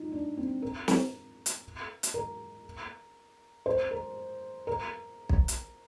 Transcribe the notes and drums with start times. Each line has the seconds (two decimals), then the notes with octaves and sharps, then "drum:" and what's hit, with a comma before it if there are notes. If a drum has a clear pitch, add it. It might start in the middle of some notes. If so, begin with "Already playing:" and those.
Already playing: D#4 F4
0.12 D4
0.37 C4
0.62 A#4
0.88 A#4, drum: snare
1.46 drum: hi-hat
2.03 drum: hi-hat
2.14 A#4
3.66 C5
3.91 A#4
4.67 A#4
5.29 drum: kick B1
5.48 drum: hi-hat